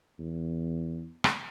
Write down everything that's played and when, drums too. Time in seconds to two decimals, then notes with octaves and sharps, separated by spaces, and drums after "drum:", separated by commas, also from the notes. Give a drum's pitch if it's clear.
0.19 E2
1.24 drum: rim click